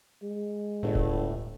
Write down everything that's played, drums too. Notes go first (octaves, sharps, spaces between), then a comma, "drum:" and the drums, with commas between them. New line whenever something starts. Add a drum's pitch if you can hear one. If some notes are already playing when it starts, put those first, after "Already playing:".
G#3
G1 A2
drum: kick D1